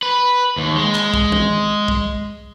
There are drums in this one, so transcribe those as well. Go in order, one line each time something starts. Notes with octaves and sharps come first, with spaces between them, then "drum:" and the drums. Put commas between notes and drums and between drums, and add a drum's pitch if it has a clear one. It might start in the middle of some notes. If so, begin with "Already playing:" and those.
B4
D#2
G#3
drum: clap
drum: kick
drum: tom
drum: kick